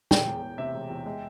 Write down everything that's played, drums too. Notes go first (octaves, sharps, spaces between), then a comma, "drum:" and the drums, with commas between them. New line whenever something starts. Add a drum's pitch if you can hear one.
E1 G5, drum: snare
E2
E1
C3 E5
E1
E2
G#3